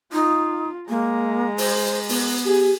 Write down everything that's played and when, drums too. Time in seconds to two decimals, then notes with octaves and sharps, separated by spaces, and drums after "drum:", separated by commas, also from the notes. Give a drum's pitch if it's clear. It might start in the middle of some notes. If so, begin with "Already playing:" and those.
0.13 D#4 F4
0.89 G#3 A#3 A#5
1.58 C5, drum: open hi-hat
2.09 B3, drum: open hi-hat
2.46 G4 G#4 G#5